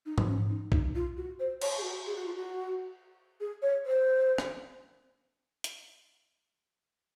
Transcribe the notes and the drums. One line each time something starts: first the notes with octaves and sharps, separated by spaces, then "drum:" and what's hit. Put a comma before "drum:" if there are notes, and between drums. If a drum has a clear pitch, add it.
D#4
drum: tom G#2
C#4
D#4
D#4, drum: kick
F4
F#4
C5
C#5, drum: cymbal
G#4
F#4
G#4
F#4
F4
F#4
G#4
C#5
C5
drum: rim click
drum: hi-hat